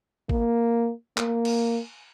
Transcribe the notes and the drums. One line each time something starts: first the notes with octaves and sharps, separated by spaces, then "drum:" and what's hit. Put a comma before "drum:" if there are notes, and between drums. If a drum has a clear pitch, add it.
A#3, drum: kick G#1
A#3, drum: clap
drum: cymbal